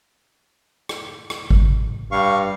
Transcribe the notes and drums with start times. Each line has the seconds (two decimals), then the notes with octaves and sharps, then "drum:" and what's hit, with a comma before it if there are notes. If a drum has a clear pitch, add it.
0.89 drum: rim click
1.30 drum: rim click
1.51 drum: kick G#1
2.12 G2 F5 C#6